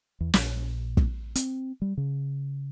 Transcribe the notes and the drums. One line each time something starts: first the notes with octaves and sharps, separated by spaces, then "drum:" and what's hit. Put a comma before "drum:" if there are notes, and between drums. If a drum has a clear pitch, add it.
E2
A#1, drum: snare
drum: kick
C4, drum: hi-hat
G3
C#3